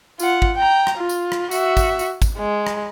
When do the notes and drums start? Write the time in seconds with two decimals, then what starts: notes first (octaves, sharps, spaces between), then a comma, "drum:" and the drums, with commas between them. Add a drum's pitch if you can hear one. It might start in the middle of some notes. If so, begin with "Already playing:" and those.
0.19 F4 F#5, drum: tambourine
0.42 drum: kick
0.56 G5 A#5
0.87 drum: rim click
0.98 F4
1.09 drum: tambourine
1.32 drum: rim click
1.51 F#4 E5, drum: tambourine
1.77 drum: kick, tambourine
1.99 drum: tambourine
2.22 drum: kick, tambourine
2.38 G#3
2.67 drum: rim click